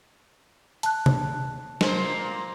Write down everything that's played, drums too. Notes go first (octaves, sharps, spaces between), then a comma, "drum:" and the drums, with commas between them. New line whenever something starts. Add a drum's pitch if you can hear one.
A5 F#6, drum: hi-hat
drum: tom C3
A#2 A#3 C5, drum: snare